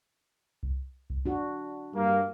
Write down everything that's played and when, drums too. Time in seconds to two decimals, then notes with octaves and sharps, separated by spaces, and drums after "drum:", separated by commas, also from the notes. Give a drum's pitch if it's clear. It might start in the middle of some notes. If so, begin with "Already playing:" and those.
0.63 drum: kick C2
1.10 drum: kick C2
1.25 D4 F#4
1.94 G2 A#3